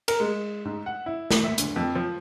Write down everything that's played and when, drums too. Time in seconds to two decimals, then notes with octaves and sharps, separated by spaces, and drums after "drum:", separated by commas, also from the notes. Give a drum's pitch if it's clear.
0.08 A#4, drum: cymbal
0.20 G#3
0.65 G#2
0.86 F#5
1.06 E4
1.31 drum: snare
1.44 E5
1.58 D2, drum: hi-hat
1.76 F2
1.95 F3